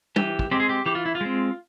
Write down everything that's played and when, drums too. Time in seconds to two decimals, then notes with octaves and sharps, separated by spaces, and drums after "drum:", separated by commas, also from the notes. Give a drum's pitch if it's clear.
0.16 E3 G4, drum: tom
0.39 drum: kick
0.51 G#3 C4 G4
0.60 G#4
0.69 G4
0.86 E3 G4
0.95 F4
1.06 E4
1.15 F4
1.21 G#3 C4